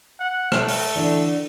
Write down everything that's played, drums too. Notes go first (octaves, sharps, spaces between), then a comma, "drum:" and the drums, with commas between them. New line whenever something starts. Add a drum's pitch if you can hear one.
F#5
A3, drum: rim click
drum: open hi-hat
D3 E3 D4